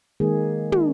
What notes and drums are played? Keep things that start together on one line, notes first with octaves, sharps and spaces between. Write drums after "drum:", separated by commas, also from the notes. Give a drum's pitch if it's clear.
D#3 G#3 A#3 G#4
drum: tom